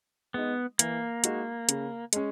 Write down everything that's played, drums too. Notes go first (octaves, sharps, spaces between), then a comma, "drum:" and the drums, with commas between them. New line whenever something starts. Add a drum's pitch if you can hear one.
G#3 B3 D#4
E3 A#3, drum: hi-hat
G#3 D#4 F#4, drum: hi-hat
C#3, drum: hi-hat
G#3 C#4, drum: hi-hat